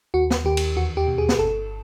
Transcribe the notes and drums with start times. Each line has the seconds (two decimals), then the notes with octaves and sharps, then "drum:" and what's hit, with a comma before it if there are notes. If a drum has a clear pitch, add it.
0.14 D#2 F#4
0.30 drum: snare
0.45 D#2 G4
0.57 drum: cymbal
0.76 E2 F#4
0.97 G4
1.07 B2
1.18 G#4
1.29 drum: snare
1.39 G1 A4